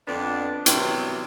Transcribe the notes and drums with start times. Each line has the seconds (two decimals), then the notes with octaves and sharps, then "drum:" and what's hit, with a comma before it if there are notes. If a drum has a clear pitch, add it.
0.07 F2 D3 B3 D4
0.66 C3 E3 F#3 G3 B3, drum: hi-hat